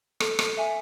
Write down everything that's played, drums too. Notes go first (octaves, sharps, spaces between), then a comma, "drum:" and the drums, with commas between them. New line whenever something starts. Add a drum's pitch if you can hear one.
A4, drum: rim click
drum: rim click
E5 G#5